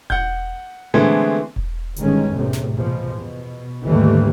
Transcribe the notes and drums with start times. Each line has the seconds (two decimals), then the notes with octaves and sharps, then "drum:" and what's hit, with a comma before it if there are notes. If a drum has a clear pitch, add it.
0.10 F#5 G6, drum: kick E1
0.94 D3 E3 G#3 A3 B3 C4
1.56 drum: kick E1
1.96 G1 B2 D#3 G#3 C#4, drum: hi-hat
2.31 F1 E2 A2 C3
2.53 drum: snare
2.75 E2 B2 F3
3.14 B2
3.86 D#2 G#2 D3 E3 G3 A3